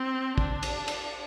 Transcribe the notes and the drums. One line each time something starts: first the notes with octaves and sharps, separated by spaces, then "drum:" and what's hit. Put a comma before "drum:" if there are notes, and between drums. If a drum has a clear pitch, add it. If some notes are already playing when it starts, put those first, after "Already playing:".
Already playing: C4
D4, drum: kick
drum: cymbal
drum: cymbal